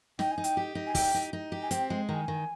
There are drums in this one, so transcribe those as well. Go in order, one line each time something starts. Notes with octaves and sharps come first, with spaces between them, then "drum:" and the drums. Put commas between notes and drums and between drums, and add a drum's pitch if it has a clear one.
D#4 G5, drum: snare
G#5
D#4
G5, drum: hi-hat
G4
D#4
G#5
G4 G5, drum: kick, open hi-hat
D#4
D#4
G4
G#5
C4 G5, drum: hi-hat
G#3
D#3 A#5
G#5
D#3